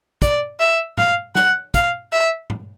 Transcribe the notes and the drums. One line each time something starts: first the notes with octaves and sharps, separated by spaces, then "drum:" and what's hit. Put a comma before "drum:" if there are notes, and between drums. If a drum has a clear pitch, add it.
D5, drum: kick, hi-hat
E5
F5, drum: tom G#2
F#5, drum: snare
F5, drum: kick, hi-hat
E5
drum: tom G#2